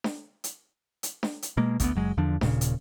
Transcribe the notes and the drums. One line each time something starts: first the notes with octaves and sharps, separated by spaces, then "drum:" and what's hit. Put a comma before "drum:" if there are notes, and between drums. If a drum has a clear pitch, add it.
drum: snare D4
drum: hi-hat
drum: hi-hat
drum: snare D4
drum: hi-hat
B2 G#3 A#3
D2 A#3 B3, drum: kick G#1, hi-hat
F#1 F#3 G#3
E2 D3 F3 D4
D#1 A#2 C#3, drum: snare D4
drum: hi-hat